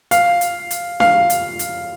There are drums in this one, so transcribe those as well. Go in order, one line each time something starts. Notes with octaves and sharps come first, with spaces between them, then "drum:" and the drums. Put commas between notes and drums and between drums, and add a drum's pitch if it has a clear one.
F5, drum: hi-hat
drum: hi-hat
drum: hi-hat
F5, drum: snare D4
drum: hi-hat
drum: hi-hat